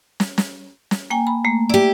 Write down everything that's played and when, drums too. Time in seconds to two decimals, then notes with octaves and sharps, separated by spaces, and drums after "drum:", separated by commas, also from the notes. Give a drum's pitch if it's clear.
0.20 drum: snare
0.38 drum: snare
0.91 drum: snare
1.10 A#3 G5 G#5
1.27 B5
1.45 A3 A#3
1.70 E4 G4 D5